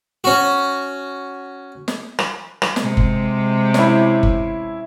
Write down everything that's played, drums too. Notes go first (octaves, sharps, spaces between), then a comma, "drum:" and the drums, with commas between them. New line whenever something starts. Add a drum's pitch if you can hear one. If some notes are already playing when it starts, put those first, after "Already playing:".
C#4 F#4
drum: snare
drum: rim click
drum: rim click
C3 G#3, drum: snare
drum: kick F#1
C#4 E4, drum: snare
drum: kick F#1